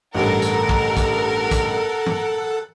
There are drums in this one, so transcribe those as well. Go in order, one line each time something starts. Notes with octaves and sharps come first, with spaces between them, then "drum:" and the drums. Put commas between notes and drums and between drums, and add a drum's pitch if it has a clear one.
A1 G2 A4 A#4 F#5
drum: hi-hat
drum: kick
drum: kick, hi-hat
drum: kick, hi-hat
drum: tom